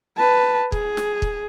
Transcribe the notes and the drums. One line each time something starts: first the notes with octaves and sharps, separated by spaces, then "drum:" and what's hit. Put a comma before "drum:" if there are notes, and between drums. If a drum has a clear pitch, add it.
B4 A5
G#4, drum: kick
drum: snare
drum: kick